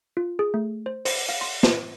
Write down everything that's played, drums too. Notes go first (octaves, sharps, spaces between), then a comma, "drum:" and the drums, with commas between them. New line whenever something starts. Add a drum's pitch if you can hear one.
F4
G#4
A3
C5
C5, drum: open hi-hat
F5
C6
C5, drum: snare